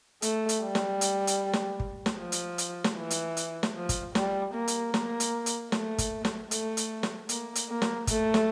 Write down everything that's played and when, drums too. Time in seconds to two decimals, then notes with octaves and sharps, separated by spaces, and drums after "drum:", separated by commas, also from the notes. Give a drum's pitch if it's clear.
0.22 A3, drum: hi-hat
0.49 drum: hi-hat
0.62 G3
0.75 drum: snare
1.01 drum: hi-hat
1.27 drum: hi-hat
1.53 drum: snare
1.80 drum: kick
2.06 drum: snare
2.18 F3
2.32 drum: hi-hat
2.58 drum: hi-hat
2.84 drum: snare
2.97 E3
3.10 drum: hi-hat
3.37 drum: hi-hat
3.63 drum: snare
3.76 F3
3.89 drum: kick, hi-hat
4.15 G3, drum: snare
4.54 A#3
4.68 drum: hi-hat
4.94 A#3, drum: snare
5.20 drum: hi-hat
5.46 drum: hi-hat
5.72 A3, drum: snare
5.98 drum: kick, hi-hat
6.25 drum: snare
6.51 A3, drum: hi-hat
6.77 drum: hi-hat
7.03 drum: snare
7.29 A#3, drum: hi-hat
7.55 drum: hi-hat
7.69 A#3
7.82 drum: snare
8.07 A3, drum: kick, hi-hat
8.34 drum: snare